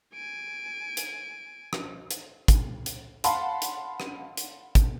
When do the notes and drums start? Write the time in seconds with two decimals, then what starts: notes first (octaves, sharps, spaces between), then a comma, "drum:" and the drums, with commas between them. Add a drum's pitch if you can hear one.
0.14 G#5 D7
0.97 drum: hi-hat
1.73 drum: rim click
2.11 drum: hi-hat
2.48 drum: kick, hi-hat
2.86 drum: hi-hat
3.24 F5 F#5 A5 B5 C6, drum: hi-hat
3.62 drum: hi-hat
4.00 drum: rim click
4.37 drum: hi-hat
4.75 drum: kick, hi-hat